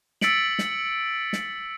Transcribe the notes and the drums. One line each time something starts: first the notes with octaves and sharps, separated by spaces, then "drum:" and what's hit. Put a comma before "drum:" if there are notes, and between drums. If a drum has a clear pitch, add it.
E6 A6 B6 C#7 D7 F#7, drum: snare
drum: snare
drum: snare